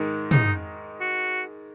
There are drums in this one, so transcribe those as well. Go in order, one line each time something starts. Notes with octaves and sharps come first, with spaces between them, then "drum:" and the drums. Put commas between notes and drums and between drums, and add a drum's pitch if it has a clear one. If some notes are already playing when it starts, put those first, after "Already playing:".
Already playing: G#2 D#3 G#3
D#4, drum: tom
F#4